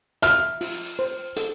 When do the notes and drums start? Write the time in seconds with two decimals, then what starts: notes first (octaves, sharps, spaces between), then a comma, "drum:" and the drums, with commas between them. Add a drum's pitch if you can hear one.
0.22 E5 F6, drum: hi-hat
0.61 F4, drum: open hi-hat
0.99 C5
1.37 A4, drum: hi-hat